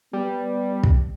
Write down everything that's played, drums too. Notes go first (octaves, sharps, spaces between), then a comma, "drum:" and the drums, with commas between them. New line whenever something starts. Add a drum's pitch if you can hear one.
G3 B3
drum: kick